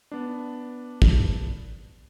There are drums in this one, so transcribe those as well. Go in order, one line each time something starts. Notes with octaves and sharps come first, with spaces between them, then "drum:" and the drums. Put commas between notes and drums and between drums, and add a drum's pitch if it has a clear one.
B3 D4
drum: kick